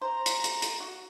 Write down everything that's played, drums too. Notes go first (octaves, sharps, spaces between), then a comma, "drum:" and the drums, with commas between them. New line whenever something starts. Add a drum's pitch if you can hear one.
C5 A#5
drum: hi-hat
drum: hi-hat
drum: hi-hat
F#4